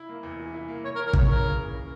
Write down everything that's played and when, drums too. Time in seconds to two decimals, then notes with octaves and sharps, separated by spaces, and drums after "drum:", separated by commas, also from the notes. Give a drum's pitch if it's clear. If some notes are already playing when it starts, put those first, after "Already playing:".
Already playing: E4
0.09 A#3
0.23 E2
0.39 E3
0.53 E4
0.69 A#3
0.84 A#3 C#5
0.95 A#4
0.99 E3
1.07 A#4
1.13 C#2 C#5, drum: kick
1.29 C#3 A#4
1.44 A#3
1.59 E3
1.74 C#4